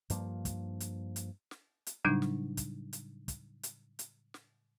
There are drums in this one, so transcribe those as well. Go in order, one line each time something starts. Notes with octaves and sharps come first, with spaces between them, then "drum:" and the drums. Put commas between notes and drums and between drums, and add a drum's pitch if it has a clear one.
G2 F3 A#3, drum: hi-hat
drum: kick, hi-hat
drum: hi-hat
drum: hi-hat
drum: snare
drum: hi-hat
A2 C#3 F#3 G3 D4 D#4
drum: snare
drum: kick, hi-hat
drum: hi-hat
drum: kick, hi-hat
drum: hi-hat
drum: hi-hat
drum: snare